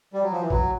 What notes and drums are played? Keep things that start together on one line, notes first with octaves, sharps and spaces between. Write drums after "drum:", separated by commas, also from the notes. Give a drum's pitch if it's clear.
G3
F#3
F3
E3
F#3, drum: kick